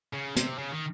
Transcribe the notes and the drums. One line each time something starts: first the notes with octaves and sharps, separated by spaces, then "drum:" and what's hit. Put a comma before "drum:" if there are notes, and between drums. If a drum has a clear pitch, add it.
C#3
C3, drum: hi-hat
C#3
D#3